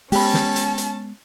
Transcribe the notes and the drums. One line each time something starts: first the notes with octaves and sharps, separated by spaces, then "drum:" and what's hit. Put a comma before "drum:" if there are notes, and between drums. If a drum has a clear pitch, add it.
G#3 B3 C#4 G4 A5 B5, drum: open hi-hat
drum: snare
drum: hi-hat
drum: hi-hat